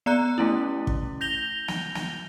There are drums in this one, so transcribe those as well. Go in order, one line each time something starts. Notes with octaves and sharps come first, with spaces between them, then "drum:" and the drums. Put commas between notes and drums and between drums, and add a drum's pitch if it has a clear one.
B3 D5 A#5 F#6
A3 C#4 E4
drum: kick
G6 A#6 F7 G7
drum: snare
drum: snare